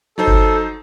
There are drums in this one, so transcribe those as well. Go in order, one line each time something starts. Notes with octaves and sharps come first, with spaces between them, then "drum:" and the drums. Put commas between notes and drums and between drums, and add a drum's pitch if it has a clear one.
F#3 D#4 A4 C5
drum: kick G1